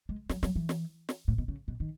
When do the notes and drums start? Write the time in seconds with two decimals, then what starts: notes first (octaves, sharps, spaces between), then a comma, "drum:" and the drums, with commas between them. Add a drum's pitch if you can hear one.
0.09 G#3
0.29 F#3, drum: snare
0.43 F#3, drum: snare
0.56 E3
0.69 drum: snare
1.09 drum: snare
1.28 A2
1.38 B2
1.48 C#3
1.68 B2
1.80 D#3